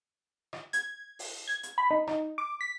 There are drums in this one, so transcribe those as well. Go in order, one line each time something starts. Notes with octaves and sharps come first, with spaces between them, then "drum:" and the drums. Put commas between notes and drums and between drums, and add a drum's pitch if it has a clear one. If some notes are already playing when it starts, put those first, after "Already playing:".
drum: rim click
G#6, drum: hi-hat
drum: open hi-hat
G#6
drum: hi-hat
B5
D#4
D#4, drum: rim click
D6
B6